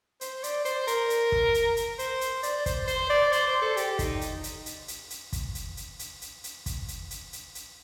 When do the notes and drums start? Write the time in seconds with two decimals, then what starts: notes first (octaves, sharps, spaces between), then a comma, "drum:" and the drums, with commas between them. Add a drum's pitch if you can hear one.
0.21 C5, drum: hi-hat
0.43 D5, drum: hi-hat
0.65 C5, drum: hi-hat
0.87 A#4, drum: hi-hat
1.10 drum: hi-hat
1.32 drum: kick
1.54 drum: hi-hat
1.77 drum: hi-hat
1.99 C5, drum: hi-hat
2.21 drum: hi-hat
2.43 D5, drum: hi-hat
2.66 C5, drum: kick, hi-hat
2.88 C5, drum: hi-hat
3.10 D5
3.32 C5, drum: hi-hat
3.47 C5
3.62 A4
3.77 G4, drum: hi-hat
3.99 D#4, drum: kick, hi-hat
4.21 drum: hi-hat
4.44 drum: hi-hat
4.66 drum: hi-hat
4.88 drum: hi-hat
5.10 drum: hi-hat
5.33 drum: kick, hi-hat
5.55 drum: hi-hat
5.77 drum: hi-hat
5.99 drum: hi-hat
6.22 drum: hi-hat
6.44 drum: hi-hat
6.66 drum: kick, hi-hat
6.88 drum: hi-hat
7.10 drum: hi-hat
7.33 drum: hi-hat
7.55 drum: hi-hat